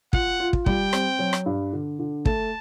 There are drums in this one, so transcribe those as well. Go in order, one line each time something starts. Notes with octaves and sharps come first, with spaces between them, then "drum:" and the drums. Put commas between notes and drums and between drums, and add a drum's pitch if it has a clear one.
F4 F#5, drum: kick
F4
drum: kick
G3 G5, drum: kick
C4, drum: rim click
F#3
drum: rim click
G2
D3
D3
A3 A5, drum: kick